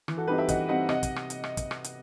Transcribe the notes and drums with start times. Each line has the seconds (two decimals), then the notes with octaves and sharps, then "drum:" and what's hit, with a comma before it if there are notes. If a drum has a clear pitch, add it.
0.08 E3, drum: rim click
0.17 F#4 A4
0.27 G3 C4 D#4 G4 B4
0.38 E5 G5
0.49 E3 D#5 F#5, drum: kick, hi-hat
0.69 G3 C4 D#4 D#5 F#5
0.89 C3 D#5 F#5, drum: rim click
1.03 drum: kick, hi-hat
1.16 drum: rim click
1.30 drum: hi-hat
1.44 drum: rim click
1.57 drum: kick, hi-hat
1.71 drum: rim click
1.84 drum: hi-hat